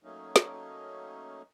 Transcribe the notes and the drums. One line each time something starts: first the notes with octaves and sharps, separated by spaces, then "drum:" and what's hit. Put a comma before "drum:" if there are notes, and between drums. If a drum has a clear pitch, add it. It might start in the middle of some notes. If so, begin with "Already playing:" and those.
F#3 A3 A#3 C#4 D#4
drum: snare